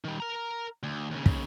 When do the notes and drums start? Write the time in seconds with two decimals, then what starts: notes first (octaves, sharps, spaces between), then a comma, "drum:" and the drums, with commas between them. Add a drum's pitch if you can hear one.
0.05 D#3 G3
0.20 A#4 A#5
0.83 D2
1.11 D#2 C#3
1.26 drum: kick